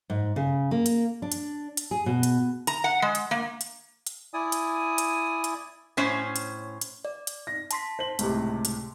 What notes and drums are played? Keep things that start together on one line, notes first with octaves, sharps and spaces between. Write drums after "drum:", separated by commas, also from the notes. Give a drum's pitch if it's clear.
G#2
C#3
A#3
drum: hi-hat
D4
drum: hi-hat
drum: hi-hat
G#4
B2
drum: hi-hat
A#5, drum: hi-hat
F#5
G#3
drum: hi-hat
A#3
drum: hi-hat
drum: hi-hat
E4 D5 G#5 D#6
drum: hi-hat
drum: hi-hat
drum: hi-hat
A2 C#4 C5
drum: hi-hat
drum: hi-hat
D5
drum: hi-hat
A#6
A5 C6 B6, drum: hi-hat
C5 F#7
C#2 A2 C3, drum: hi-hat
drum: hi-hat